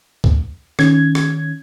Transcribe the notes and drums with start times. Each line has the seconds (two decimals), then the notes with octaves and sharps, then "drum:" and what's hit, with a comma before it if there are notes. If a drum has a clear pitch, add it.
0.24 drum: kick C#2
0.79 D#3 C#4 G#6, drum: rim click
1.15 drum: rim click